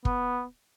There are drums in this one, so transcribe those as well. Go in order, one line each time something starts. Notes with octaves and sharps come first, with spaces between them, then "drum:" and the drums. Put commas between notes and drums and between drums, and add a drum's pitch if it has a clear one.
B3, drum: kick